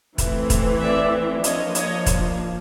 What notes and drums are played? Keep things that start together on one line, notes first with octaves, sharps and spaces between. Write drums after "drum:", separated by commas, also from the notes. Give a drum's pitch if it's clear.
E3 A3 C4, drum: kick, hi-hat
drum: kick, hi-hat
D5 E5
F3 A#3 D4 C#5 D#5, drum: hi-hat
C#5 D#5, drum: hi-hat
drum: kick, hi-hat